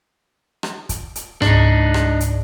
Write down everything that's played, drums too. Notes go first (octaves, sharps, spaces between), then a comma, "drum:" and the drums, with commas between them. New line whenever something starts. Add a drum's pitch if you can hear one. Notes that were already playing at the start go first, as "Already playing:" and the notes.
drum: rim click
drum: kick, hi-hat
drum: hi-hat
C#2 G#2 D4 D#4, drum: rim click
drum: rim click
drum: hi-hat